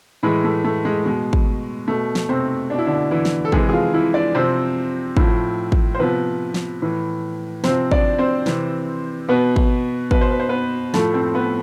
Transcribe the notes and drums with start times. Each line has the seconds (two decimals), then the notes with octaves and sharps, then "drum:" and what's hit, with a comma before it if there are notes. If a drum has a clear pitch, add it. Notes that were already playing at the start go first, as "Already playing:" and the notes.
0.23 A2 E3 G#3
0.44 A3
0.64 A3
0.85 G#3
1.06 B2 G#3
1.33 drum: kick
1.88 B2 A3
2.15 drum: snare
2.29 C3 C4
2.70 B2 D4
2.78 E4
2.87 D3 D4
3.11 E3 E4
3.25 drum: snare
3.45 A4
3.52 C3 E3 G#3 G#4, drum: kick
3.69 G#4
3.73 F3 F4
3.93 E3 E4
4.14 D4 D5
4.35 C3 F3 C4 C5
5.17 A2 F3, drum: kick
5.72 drum: kick
5.95 C5
5.99 C3 F3 B3 B4
6.54 drum: snare
6.82 A2 E3
7.64 C3 F3 C4 C5, drum: snare
7.91 D4 D5, drum: kick
8.19 C4 C5
8.46 C3 E3, drum: snare
9.29 B2 B3 B4
9.56 drum: kick
10.11 B2 B4, drum: kick
10.21 C5
10.31 B4
10.40 C5
10.49 B3 B4
10.94 A2 F3 A3 A4, drum: snare
11.14 C4 C5
11.35 B3 B4